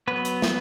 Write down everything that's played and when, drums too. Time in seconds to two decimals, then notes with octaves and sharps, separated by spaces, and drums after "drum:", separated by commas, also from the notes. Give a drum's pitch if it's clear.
0.07 F#3 B3 B4
0.25 drum: hi-hat
0.42 drum: snare